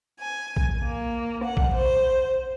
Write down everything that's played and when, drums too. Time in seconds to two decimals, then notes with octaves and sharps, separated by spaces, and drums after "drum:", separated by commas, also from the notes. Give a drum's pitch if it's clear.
0.20 G#5
0.57 drum: kick A#1
0.83 A#3
1.45 F#5
1.57 drum: kick A#1
1.77 C5